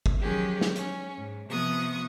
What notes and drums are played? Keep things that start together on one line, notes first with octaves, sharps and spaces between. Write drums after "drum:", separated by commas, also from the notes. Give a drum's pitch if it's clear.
drum: kick G1
D#3 F3 F#3 G#3 C#4 G4
drum: snare
C#4, drum: hi-hat
G#2
C3 F3 B3 C#6 D#6